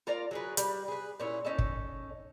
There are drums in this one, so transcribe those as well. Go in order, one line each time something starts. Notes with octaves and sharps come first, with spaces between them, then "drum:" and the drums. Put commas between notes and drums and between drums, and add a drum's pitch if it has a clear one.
F4 A#4 D5 A#5
F#3 G#4 B4
G3 B4, drum: hi-hat
G#4 B4
A#2 C#4 E4
C#4 D#4 A4
drum: kick